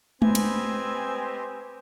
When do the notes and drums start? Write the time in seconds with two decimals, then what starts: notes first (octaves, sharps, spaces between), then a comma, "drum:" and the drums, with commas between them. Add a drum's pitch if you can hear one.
0.22 C4 G4 B4 C5 D#5 G#5, drum: tom G#3
0.35 drum: cymbal